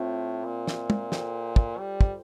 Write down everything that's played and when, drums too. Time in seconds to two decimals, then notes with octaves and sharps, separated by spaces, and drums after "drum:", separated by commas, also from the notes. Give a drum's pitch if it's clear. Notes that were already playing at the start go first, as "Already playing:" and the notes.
Already playing: A2 C4 F4 C5 E5
0.45 A#2
0.67 drum: snare
0.90 drum: tom
1.12 F4 A4 C5 G5, drum: snare
1.56 drum: kick
1.78 G3
2.01 drum: kick